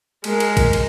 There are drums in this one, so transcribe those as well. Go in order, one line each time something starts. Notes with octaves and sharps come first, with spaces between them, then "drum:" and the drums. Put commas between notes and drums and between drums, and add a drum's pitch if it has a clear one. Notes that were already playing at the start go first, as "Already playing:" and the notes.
G#3 A#4, drum: cymbal
drum: cymbal
drum: kick, cymbal
drum: cymbal